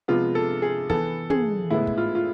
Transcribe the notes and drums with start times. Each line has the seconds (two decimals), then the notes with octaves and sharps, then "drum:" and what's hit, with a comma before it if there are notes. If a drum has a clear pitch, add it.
0.08 C3 F3 G#3 B3 F4
0.35 A4
0.62 G#4
0.90 E3 B3 A4, drum: kick
1.30 G#4, drum: tom
1.70 A2 G#3 B3 E4
1.87 drum: kick
1.98 F4
2.15 F4